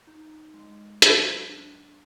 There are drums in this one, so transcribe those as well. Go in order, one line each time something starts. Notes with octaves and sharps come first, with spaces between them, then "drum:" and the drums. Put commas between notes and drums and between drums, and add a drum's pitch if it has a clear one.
D#4
G#3
F#3, drum: hi-hat
D4